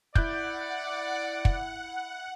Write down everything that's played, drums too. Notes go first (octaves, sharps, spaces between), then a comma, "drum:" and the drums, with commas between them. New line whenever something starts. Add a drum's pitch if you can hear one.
E4 D5 F#5 F#6 G6, drum: kick
drum: kick